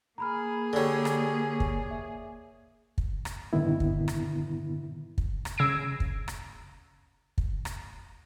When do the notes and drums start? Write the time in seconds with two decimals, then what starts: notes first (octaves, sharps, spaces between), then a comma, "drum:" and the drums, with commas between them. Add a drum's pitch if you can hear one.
0.18 A#3 G#4 A#5 B5 F6
0.73 D3 G3 A4 C#5 D5
1.05 drum: rim click
1.60 drum: kick
1.91 E5
2.98 drum: kick
3.25 drum: rim click
3.53 G2 A#2 D3 D#3 B3 E4
3.80 drum: kick
4.08 drum: rim click
5.18 drum: kick
5.45 drum: rim click
5.58 C#3 E6 G#6 A#6 C7 D7
6.00 drum: kick
6.28 drum: rim click
7.38 drum: kick
7.65 drum: rim click